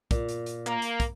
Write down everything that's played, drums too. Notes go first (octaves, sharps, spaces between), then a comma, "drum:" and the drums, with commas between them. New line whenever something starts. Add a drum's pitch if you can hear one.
A#2, drum: kick, hi-hat
drum: hi-hat
drum: hi-hat
A#3, drum: clap
drum: hi-hat
drum: kick, hi-hat